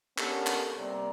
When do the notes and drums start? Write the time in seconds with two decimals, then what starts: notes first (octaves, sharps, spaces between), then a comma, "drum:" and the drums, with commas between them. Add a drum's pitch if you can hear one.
0.18 B3 C#4 D4 G4 A4 A#4, drum: clap
0.47 drum: clap
0.78 C3 G3 A#3 D5 A#5